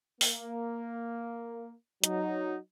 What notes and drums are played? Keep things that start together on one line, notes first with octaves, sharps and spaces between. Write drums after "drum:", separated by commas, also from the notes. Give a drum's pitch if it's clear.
A#3, drum: open hi-hat
F#3 D#4, drum: hi-hat